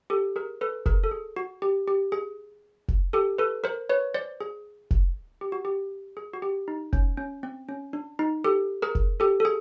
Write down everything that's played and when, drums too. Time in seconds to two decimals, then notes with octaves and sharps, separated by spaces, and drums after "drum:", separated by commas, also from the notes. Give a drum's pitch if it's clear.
0.10 G4 A4
0.36 G#4 A#4
0.61 A4 B4
0.86 G#4 A#4, drum: kick F1
1.04 A4
1.11 G#4
1.36 F#4
1.62 G4
1.88 G4
2.12 G#4
2.88 drum: kick F1
3.13 G4 A4
3.38 A4 B4
3.64 A#4 C5
3.89 B4 C#5
4.14 C5 D5
4.40 G#4
4.91 drum: kick F1
5.41 G4
5.52 F#4
5.65 G4
6.17 G#4
6.33 F#4
6.42 G4
6.68 D#4
6.93 C#4, drum: kick F1
7.17 C#4
7.43 C4
7.69 C#4
7.93 D4
8.19 D#4
8.44 G4 A4
8.82 G#4 A#4
8.95 drum: kick F1
9.20 G4 A4
9.40 A4
9.45 G#4